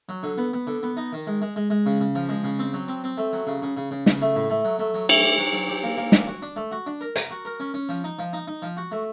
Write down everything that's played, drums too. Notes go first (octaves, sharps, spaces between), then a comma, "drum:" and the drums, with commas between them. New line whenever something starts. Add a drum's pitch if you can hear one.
F#3
D3
B3
B3
D3
B3
D#4
D#3
G#3
G#3
G#3
G#3
C#3
C#3
F3
G#3
C#3
C4
F#3
C4
C4
A3
F#3
C#3
C#3
C#3
C#3
C#3, drum: snare
A3
A2
A3
F#3
A3
F#3
A3, drum: cymbal
G4
F#3
F#3
G4
A#3
A#3
D4, drum: snare
F#4
D4
A3
F#4
D4
A#4
A#4, drum: hi-hat
F#4
A#4
C#4
C#4
F3
D#4
F3
D#4
D#4
F3
F#4
A3